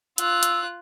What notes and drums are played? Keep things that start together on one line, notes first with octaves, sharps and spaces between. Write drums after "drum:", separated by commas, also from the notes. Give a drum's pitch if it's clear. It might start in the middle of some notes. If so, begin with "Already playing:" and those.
F4 E6 F#6, drum: hi-hat
drum: hi-hat